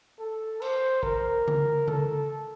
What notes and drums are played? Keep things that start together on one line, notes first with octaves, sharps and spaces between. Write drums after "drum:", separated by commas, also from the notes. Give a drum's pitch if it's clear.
A4
C5, drum: cymbal
A#4, drum: kick
drum: tom C#3
A4, drum: tom C#3